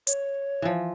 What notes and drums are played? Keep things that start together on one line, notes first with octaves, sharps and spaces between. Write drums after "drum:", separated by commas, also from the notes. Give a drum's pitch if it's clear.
C#5, drum: hi-hat
E3 F3